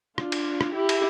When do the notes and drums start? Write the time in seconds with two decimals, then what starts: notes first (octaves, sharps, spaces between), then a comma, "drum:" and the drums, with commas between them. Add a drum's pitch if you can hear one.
0.18 D4 F4, drum: rim click
0.32 drum: cymbal
0.61 drum: rim click
0.74 E4 G4
0.89 drum: cymbal